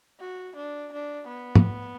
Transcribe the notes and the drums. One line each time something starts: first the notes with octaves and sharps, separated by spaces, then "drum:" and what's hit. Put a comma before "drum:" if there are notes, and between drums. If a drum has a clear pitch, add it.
F#4
D4
D4
B3
drum: tom